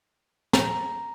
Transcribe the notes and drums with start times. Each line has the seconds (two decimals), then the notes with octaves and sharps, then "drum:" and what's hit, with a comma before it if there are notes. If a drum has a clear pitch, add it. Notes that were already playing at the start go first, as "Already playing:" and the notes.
0.53 A#5, drum: snare